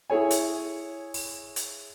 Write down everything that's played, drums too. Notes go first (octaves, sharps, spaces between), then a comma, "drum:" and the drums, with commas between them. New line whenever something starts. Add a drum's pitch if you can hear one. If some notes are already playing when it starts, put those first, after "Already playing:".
E4 G#4 C#5 G#5
drum: hi-hat
drum: open hi-hat
drum: hi-hat